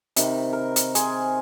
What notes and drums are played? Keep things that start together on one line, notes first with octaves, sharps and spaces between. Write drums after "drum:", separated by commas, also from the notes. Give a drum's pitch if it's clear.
C3 D#3 B5, drum: hi-hat
A#4
drum: hi-hat
G#4 C5 G#5, drum: hi-hat